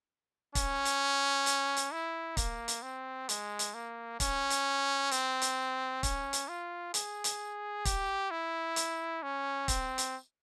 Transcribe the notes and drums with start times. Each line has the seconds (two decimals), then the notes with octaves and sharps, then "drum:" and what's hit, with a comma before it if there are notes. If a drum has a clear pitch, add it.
0.55 C#4, drum: kick, hi-hat
0.85 drum: hi-hat
1.46 drum: hi-hat
1.77 drum: hi-hat
1.92 E4
2.37 A#3, drum: kick, hi-hat
2.68 drum: hi-hat
2.82 C4
3.29 G#3, drum: hi-hat
3.59 drum: hi-hat
3.74 A#3
4.20 C#4, drum: kick, hi-hat
4.50 drum: hi-hat
5.11 C4, drum: hi-hat
5.42 drum: hi-hat
6.03 C#4, drum: kick, hi-hat
6.33 drum: hi-hat
6.48 F4
6.94 G#4, drum: hi-hat
7.24 drum: hi-hat
7.85 G4, drum: kick, hi-hat
8.31 E4
8.76 drum: hi-hat
9.22 C#4
9.68 C4, drum: kick, hi-hat
9.98 drum: hi-hat